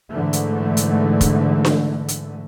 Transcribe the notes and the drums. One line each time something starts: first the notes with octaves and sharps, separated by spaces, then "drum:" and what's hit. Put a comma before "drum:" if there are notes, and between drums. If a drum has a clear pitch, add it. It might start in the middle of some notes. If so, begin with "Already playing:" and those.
G#2 D3 E3 A3
drum: hi-hat
drum: hi-hat
drum: kick F1, hi-hat
drum: snare D4
drum: hi-hat